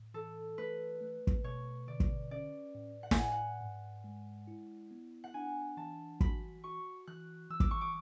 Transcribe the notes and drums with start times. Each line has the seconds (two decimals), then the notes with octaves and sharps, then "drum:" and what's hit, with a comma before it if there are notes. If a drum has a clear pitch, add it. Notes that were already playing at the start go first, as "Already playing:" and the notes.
Already playing: A2
0.14 E3 A4
0.58 A3 B4
1.01 A3
1.27 drum: kick
1.44 B2 C#5
1.88 D3 D5
2.00 drum: kick
2.31 C#4 D5
2.75 A2
3.03 F#5
3.11 G#5, drum: snare
3.18 A2 F#5
3.32 F#5
3.61 G#2
4.04 G#3
4.47 E4
4.91 B3
5.24 F#5
5.34 D4 G#5
5.77 E3 A5
6.20 F#4 B5, drum: kick
6.64 F#4 C#6
7.07 E3 F#6
7.50 E3 E6
7.60 D6, drum: kick
7.71 C#6
7.81 D6